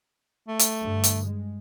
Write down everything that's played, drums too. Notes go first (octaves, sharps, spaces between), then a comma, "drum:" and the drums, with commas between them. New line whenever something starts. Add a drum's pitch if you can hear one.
A3
drum: hi-hat
G2 D3
drum: hi-hat
G#3